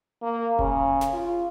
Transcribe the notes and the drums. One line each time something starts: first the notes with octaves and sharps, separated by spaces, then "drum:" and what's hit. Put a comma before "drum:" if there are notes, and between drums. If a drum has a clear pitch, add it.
A#3
C#3, drum: kick F1
drum: snare
F4